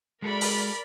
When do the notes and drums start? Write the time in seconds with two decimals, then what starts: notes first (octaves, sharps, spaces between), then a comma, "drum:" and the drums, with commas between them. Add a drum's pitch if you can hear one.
0.22 G#3 F#4 A4 A#4 D5 B5
0.41 drum: open hi-hat